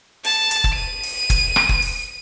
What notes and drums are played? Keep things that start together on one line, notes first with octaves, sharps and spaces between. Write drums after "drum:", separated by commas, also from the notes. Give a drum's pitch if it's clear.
A5, drum: open hi-hat
drum: hi-hat
drum: kick
D#7
drum: open hi-hat
drum: kick, hi-hat
drum: rim click
drum: kick
drum: open hi-hat